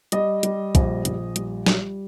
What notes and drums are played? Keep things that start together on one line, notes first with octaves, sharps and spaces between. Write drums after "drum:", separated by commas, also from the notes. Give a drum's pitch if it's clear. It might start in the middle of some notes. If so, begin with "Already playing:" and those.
G3 D#5, drum: hi-hat
G3, drum: hi-hat
A#1, drum: kick, hi-hat
A#1, drum: hi-hat
G3, drum: hi-hat
G3, drum: snare